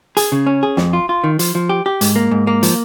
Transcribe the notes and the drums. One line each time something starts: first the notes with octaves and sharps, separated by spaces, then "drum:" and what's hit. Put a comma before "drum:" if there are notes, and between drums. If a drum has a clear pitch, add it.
G#4, drum: hi-hat
C#3
C#4
G#4
F2, drum: snare
F4
F4
D#3
F3, drum: hi-hat
F3
G4
G4
G#2, drum: hi-hat
A#3
G#2
A#3
F3, drum: hi-hat